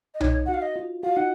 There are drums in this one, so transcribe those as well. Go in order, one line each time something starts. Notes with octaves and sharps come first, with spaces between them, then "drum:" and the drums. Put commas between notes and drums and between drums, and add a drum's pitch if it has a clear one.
D#5
D#4 C#5, drum: tom B1
F#5
F#4 F5
D#5
F4
F#4 F5
D#4 F#5